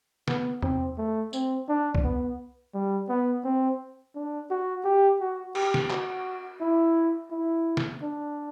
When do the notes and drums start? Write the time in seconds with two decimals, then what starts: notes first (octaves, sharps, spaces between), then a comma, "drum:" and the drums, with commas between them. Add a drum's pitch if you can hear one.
0.28 B3, drum: snare
0.62 C4, drum: tom E2
0.98 A3
1.33 C4, drum: tambourine
1.69 D4
1.95 drum: kick
2.04 B3
2.74 G3
3.09 B3
3.44 C4
4.15 D4
4.50 F#4
4.84 G4
5.20 F#4
5.55 G4, drum: cymbal
5.74 drum: snare
5.90 F#4, drum: clap
6.60 E4
7.31 E4
7.77 drum: snare
8.02 D4